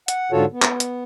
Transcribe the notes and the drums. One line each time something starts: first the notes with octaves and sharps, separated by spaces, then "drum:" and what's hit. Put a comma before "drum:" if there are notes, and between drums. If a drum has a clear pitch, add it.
F#5, drum: hi-hat
G#2 D3 F4 F#4 A4 C#5
B3
drum: clap
drum: hi-hat